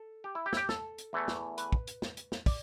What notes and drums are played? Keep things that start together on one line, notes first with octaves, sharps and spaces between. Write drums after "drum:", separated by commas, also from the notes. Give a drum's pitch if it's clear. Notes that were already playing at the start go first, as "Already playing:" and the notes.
Already playing: A4
G4
E4
G4
E4, drum: snare
G4
A4, drum: snare
drum: hi-hat
E2 E3 A3
drum: snare
B4, drum: hi-hat
drum: kick
drum: hi-hat
drum: snare
drum: hi-hat
drum: snare
D5, drum: kick, open hi-hat